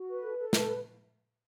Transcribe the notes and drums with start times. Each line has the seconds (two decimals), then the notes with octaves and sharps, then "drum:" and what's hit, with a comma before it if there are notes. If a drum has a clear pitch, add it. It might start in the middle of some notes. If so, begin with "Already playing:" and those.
Already playing: F#4
0.09 B4
0.23 A4
0.38 A4
0.53 B4, drum: snare
0.67 B4